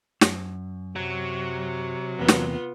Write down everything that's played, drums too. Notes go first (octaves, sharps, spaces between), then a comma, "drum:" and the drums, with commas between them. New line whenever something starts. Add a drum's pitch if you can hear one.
F#2, drum: snare
C3 F#3
E2 C3 A#3 B3 F4
drum: snare